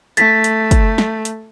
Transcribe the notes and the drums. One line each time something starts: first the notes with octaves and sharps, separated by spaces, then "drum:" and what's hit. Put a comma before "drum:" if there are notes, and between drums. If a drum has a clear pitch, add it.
A3 A6 B6, drum: hi-hat
drum: hi-hat
drum: kick, hi-hat
drum: snare
drum: hi-hat